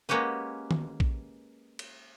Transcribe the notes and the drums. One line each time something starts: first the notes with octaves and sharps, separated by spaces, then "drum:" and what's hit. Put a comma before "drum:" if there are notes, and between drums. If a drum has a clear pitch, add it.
G#3 A#3 C#4 F#4 G4 B4
drum: tom D#3
drum: kick A#1
drum: cymbal